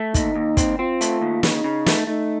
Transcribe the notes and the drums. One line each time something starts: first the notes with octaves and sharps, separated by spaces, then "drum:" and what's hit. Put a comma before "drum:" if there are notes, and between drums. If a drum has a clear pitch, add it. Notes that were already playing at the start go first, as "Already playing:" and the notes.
Already playing: A3
D#2 D#4, drum: kick, hi-hat
D#2
C4, drum: kick, hi-hat
C4 F4
A3, drum: hi-hat
D#2
C#3 D#4, drum: snare
C#3
A3, drum: snare
A3 D#4